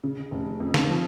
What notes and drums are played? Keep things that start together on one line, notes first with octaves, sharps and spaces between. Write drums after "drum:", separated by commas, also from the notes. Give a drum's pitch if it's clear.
C#3
F1
F2
drum: snare
F3